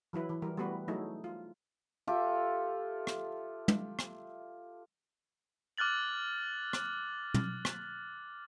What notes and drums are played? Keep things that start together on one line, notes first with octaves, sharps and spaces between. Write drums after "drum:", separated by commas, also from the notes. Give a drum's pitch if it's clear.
E3 F#3 E4 B4
E3
E3 G3 A#4
G3 A3 B3 F#4 B4
F#3 A3 D#4 E4 G#4
F4
F4 G4 A4 E5
drum: rim click
drum: tom
drum: rim click
D6 F6 F#6 A6 F#7
drum: rim click
drum: tom
drum: rim click